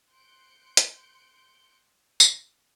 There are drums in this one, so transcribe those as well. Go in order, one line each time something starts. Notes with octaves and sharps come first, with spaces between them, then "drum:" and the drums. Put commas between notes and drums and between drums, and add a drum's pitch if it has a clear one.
C6 F#6 G6 C#7 D7
drum: hi-hat
drum: tambourine